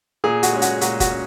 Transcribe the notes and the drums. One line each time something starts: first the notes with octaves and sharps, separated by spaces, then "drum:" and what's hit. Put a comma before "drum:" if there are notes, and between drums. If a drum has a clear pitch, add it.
A#2 G#4
F#4, drum: hi-hat
G#3 C#4
F#4, drum: hi-hat
A#2 F#4, drum: hi-hat
F#4, drum: kick F1, hi-hat
C#4